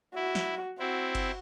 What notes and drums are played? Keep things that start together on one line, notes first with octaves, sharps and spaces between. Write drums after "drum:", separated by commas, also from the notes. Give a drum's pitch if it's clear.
E4 F#4
drum: snare
C4 E4 F#4
drum: kick G1, cymbal